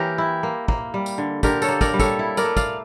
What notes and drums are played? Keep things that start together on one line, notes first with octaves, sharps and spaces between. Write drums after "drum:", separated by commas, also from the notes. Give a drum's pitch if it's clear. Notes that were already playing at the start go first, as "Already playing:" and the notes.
Already playing: E3 A#3 G4 A#4 C#5
E4
A#3
A#3, drum: kick
G3
drum: tambourine
D3
D3 G4 A#4, drum: kick, tambourine
A4 C#5, drum: tambourine
A#3
A#4 D5, drum: kick, tambourine
G3
A4 C#5, drum: kick, tambourine
E4
A#4 D5, drum: tambourine
A3
D5 F5, drum: kick, tambourine